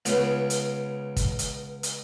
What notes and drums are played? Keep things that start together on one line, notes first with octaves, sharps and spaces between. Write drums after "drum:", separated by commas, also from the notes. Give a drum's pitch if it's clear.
C#2 C#3 B3, drum: hi-hat
drum: hi-hat
drum: kick, hi-hat
drum: hi-hat
drum: hi-hat